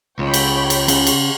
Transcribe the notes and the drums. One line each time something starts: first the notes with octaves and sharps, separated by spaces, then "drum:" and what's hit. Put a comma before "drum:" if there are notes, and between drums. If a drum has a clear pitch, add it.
C#2 C#5 G5 B5
drum: cymbal
drum: cymbal
C#3, drum: cymbal
drum: cymbal